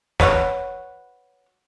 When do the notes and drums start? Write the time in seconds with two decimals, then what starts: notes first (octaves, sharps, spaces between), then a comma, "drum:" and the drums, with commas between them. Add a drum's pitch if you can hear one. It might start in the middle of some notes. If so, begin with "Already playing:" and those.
0.20 F#4 B4 C#5 F#5, drum: snare